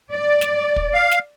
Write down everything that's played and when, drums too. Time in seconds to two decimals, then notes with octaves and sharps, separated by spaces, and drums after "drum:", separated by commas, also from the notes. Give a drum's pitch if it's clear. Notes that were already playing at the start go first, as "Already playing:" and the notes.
0.12 D5
0.41 drum: snare
0.76 drum: kick
0.94 F5
1.11 drum: snare